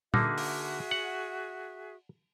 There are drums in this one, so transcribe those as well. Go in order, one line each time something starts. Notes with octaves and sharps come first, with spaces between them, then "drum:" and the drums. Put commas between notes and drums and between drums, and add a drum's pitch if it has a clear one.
D3 A#3 D#4 F#4 G#4 E5, drum: tom
drum: open hi-hat
F#5